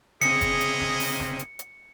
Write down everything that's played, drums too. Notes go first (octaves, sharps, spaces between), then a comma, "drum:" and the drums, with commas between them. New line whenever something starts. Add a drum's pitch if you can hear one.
C#3 A#3 C4 E4 G#4 D#5 C#7, drum: hi-hat
drum: kick F#1, hi-hat
drum: hi-hat
drum: snare
drum: open hi-hat
drum: snare
drum: hi-hat
drum: hi-hat